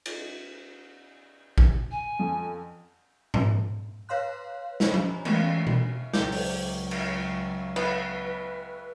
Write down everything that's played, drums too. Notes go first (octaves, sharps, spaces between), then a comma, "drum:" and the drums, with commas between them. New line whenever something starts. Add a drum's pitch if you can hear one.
drum: cymbal
drum: kick
G#5
F2
drum: tom G#2
B4 C#5 F5 C6 F#6
C5 C#5 D#5 G#5 A#5 B5, drum: snare
drum: tom
E3 G#3 A3 B3 C#4 F#4, drum: cymbal
drum: tom B2
C#2 F#3 G4, drum: snare
drum: open hi-hat
drum: cymbal
B3 B4, drum: cymbal